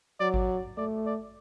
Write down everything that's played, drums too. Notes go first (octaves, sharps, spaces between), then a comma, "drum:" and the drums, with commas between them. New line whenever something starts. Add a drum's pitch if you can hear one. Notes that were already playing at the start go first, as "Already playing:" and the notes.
F#3 D5
drum: kick G#1
A3 D5
D5